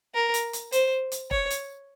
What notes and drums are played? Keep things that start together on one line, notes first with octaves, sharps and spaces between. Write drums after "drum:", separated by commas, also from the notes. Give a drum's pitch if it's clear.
A#4
drum: hi-hat
drum: hi-hat
C5, drum: hi-hat
drum: hi-hat
C#5, drum: kick E1
drum: hi-hat